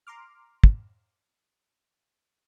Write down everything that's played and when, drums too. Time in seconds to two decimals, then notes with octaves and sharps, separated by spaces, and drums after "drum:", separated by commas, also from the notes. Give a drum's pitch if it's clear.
0.07 A#5 C6 D6 F6
0.64 drum: kick